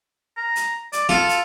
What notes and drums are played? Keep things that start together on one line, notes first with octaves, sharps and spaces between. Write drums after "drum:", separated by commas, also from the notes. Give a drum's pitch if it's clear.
A#5
drum: hi-hat
D5, drum: hi-hat
F4 A4, drum: snare
drum: hi-hat